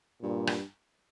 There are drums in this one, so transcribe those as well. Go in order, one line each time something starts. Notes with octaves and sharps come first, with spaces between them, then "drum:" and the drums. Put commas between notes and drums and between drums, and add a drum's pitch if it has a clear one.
G2 A#2
drum: rim click